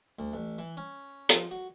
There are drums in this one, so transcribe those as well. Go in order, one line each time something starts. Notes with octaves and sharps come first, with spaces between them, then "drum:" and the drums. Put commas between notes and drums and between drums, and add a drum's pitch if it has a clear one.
D2
A1
E3
C#4
F3, drum: hi-hat
F#4